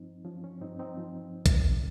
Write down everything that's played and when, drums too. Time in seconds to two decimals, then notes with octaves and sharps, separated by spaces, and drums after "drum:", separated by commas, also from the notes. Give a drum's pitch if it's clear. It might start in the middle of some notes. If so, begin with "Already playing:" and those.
Already playing: G2 F3 C4 D#4
0.25 F3 C#4
0.44 C#4
0.61 G2 C4 D#4
0.79 C4 D#4
0.98 F3
1.46 drum: kick, hi-hat